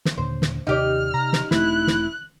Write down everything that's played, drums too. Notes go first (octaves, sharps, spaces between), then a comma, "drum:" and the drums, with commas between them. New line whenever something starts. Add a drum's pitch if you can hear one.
drum: snare
D#2 A#2 D3 C5
drum: snare
D#2 C3 C#4 D#4 G4 D5 F6
C3 A#5
drum: snare
E1 A3 C4 E4 F#6, drum: snare
drum: snare